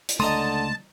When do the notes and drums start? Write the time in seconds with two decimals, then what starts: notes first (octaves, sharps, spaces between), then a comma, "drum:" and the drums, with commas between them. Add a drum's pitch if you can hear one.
0.09 drum: hi-hat
0.20 C#2 D3 A3 D#5 A5 A#5 C6 D#6